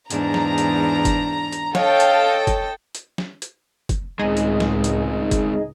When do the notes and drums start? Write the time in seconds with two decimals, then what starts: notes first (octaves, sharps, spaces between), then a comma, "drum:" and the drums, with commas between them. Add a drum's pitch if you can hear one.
0.10 E2 G#2 D4 A#5, drum: hi-hat
0.34 drum: snare
0.58 drum: hi-hat
1.05 drum: kick, hi-hat
1.53 drum: hi-hat
1.75 A4 C#5 D#5 F5 G5, drum: snare
2.00 drum: hi-hat
2.47 drum: kick, hi-hat
2.95 drum: hi-hat
3.18 drum: snare
3.42 drum: hi-hat
3.89 drum: kick, hi-hat
4.19 C#2 A2 G#3 C4 D#4 G#4 D#5
4.37 drum: hi-hat
4.60 drum: snare
4.84 drum: hi-hat
5.31 drum: kick, hi-hat